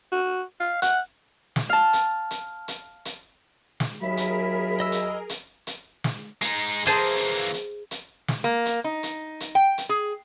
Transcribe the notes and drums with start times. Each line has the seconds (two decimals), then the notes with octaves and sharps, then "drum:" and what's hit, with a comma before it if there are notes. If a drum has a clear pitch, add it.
0.12 F#4
0.60 F5
0.82 F#5, drum: hi-hat
1.56 drum: snare
1.69 F5 A5
1.93 drum: hi-hat
2.31 drum: hi-hat
2.68 drum: hi-hat
3.05 drum: hi-hat
3.80 drum: snare
4.01 D#2 F#3 G#4 A#4 E5 B5
4.17 drum: hi-hat
4.80 D#5 E6
4.92 drum: hi-hat
5.29 drum: hi-hat
5.67 drum: hi-hat
6.04 drum: snare
6.42 G#3 D#4, drum: hi-hat
6.86 E3 A#3 G#4 C5 A5
7.16 drum: hi-hat
7.54 drum: hi-hat
7.91 drum: hi-hat
8.28 drum: snare
8.44 A#3
8.66 drum: hi-hat
8.84 D#4
9.03 drum: hi-hat
9.40 drum: hi-hat
9.55 G5
9.78 drum: hi-hat
9.89 G#4